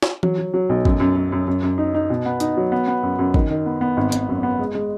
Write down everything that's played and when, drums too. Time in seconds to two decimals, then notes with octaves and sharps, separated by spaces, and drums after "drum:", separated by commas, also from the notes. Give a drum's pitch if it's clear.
0.02 drum: snare
0.23 F#3, drum: tom E3
0.38 F#3
0.54 F#3
0.69 B1
0.85 F#2, drum: kick
1.00 F#2
1.16 F#2
1.32 F#2
1.47 F#2
1.63 F#2
1.78 D#4
1.94 D#4
2.10 B2
2.25 B3
2.40 D#4, drum: hi-hat
2.57 F#3
2.72 B3
2.87 B3
3.03 F#2
3.19 F#2
3.34 D#3, drum: kick
3.50 D#3
3.66 B3
3.81 B3
3.97 G#1
4.12 G#1, drum: hi-hat
4.29 F#2
4.43 B3
4.59 G#3
4.75 G#3